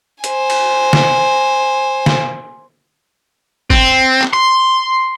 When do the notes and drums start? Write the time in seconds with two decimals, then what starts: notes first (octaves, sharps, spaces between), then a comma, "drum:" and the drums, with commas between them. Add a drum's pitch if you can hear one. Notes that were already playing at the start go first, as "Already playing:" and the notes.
0.24 C5 G#5, drum: hi-hat
0.50 drum: cymbal
0.93 drum: snare
2.06 drum: snare
3.70 C4, drum: kick
4.22 drum: clap
4.33 C6